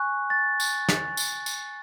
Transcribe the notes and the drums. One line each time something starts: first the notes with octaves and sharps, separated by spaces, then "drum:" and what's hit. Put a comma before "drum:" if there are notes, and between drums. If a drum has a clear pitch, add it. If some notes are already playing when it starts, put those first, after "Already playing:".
Already playing: G#5 C#6 F#6
A6
drum: tambourine
drum: snare
drum: tambourine
drum: tambourine